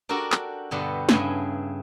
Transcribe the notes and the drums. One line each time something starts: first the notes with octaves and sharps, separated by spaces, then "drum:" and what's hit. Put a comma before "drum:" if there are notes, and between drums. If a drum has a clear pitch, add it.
D4 F#4 G4 A4 A#4 D5
drum: clap
G2 B2 D3 B3 D4 G4
G2 C#3 E4 G#5, drum: snare